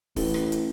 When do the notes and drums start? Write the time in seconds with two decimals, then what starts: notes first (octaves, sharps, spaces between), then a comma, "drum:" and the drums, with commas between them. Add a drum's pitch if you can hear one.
0.16 A1, drum: kick, open hi-hat
0.34 drum: rim click
0.52 drum: hi-hat